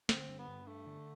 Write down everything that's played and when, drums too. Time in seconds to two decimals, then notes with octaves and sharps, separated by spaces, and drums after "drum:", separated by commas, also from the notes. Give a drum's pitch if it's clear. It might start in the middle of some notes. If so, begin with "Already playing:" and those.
0.09 D3 C4, drum: snare
0.29 G2
0.39 B3
0.48 G2
0.67 A3 D4
0.86 D3